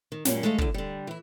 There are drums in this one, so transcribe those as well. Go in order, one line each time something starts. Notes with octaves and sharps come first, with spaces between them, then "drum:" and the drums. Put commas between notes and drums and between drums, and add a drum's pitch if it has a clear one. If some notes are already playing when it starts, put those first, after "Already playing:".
D#3
F#2 A#2 G3 A#3 C#4, drum: snare
G#3 A3 D#4 A4 B4 F5
E2 D3, drum: kick
D3 G3
E3 E4